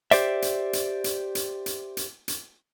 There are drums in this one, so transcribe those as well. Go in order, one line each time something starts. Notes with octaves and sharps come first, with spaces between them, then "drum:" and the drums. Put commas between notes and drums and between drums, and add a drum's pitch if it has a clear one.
G4 C5 D5 E5, drum: hi-hat
drum: hi-hat
drum: hi-hat
drum: hi-hat
drum: hi-hat
drum: hi-hat
drum: hi-hat
drum: hi-hat